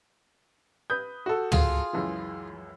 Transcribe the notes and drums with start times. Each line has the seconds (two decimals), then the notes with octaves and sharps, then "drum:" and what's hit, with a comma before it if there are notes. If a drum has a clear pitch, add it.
0.90 B4 D#6 G6
1.26 F#4 A4
1.52 F4 G#4 F5, drum: tom
1.93 C#2 F#2 E3